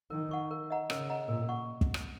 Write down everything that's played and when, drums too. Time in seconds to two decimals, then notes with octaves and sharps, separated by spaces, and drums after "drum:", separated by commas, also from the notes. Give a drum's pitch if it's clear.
0.10 D#3 A#4
0.31 F#5 C#6
0.51 A#4
0.70 D#5 F#5 A#5
0.90 C#3 A#4, drum: rim click
1.09 D#5 F#5 A#5
1.28 A#2 A#4
1.49 F#5 C#6
1.81 drum: kick
1.94 drum: rim click